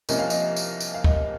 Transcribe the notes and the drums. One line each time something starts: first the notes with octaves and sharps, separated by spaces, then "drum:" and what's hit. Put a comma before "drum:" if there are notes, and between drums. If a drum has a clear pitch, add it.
C2 C3 F3 A#3 C#4 D#5, drum: tambourine
F5
D#5, drum: tambourine
drum: tambourine
drum: tambourine
F5
D#5, drum: kick